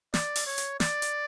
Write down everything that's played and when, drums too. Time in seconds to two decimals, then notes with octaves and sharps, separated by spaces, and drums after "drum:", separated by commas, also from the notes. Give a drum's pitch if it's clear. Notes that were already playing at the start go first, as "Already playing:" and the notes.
0.14 D5, drum: snare
0.36 drum: open hi-hat
0.47 C#5
0.58 drum: hi-hat
0.80 D5, drum: snare
1.02 drum: hi-hat